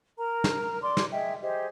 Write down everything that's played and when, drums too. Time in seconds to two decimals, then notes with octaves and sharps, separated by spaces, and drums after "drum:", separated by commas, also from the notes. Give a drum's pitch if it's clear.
0.18 A#4 A#5
0.44 drum: snare
0.82 D5 C6 D6
0.97 drum: snare
1.11 G#4 D#5 E5 G5
1.42 G4 G#4 C5 D#5